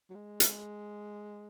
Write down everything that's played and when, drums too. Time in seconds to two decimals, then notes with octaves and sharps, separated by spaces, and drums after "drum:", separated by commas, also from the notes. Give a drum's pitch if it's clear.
0.10 F#3
0.15 G#3
0.40 drum: hi-hat